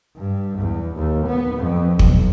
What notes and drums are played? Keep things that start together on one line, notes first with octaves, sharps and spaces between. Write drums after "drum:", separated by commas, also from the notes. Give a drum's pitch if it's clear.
G2
E2
D#2
B3
F2
B1, drum: kick